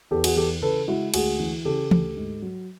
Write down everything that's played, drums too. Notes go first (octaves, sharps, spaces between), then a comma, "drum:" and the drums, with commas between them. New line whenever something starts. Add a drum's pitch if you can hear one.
E2 G4 A4
F#4 G#4, drum: cymbal
E3 G4 A4
C#3 A4 B4
G#3 E4 F#4
D2 F#4 G#4, drum: cymbal
E3
C#3 G4 A4
D2, drum: tom E3
G#2
F#3